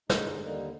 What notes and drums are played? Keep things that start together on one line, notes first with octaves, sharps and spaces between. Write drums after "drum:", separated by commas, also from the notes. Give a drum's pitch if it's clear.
G2 D3 G#3 D#4 C5, drum: snare
D#2 D3 G3 A#3 D#4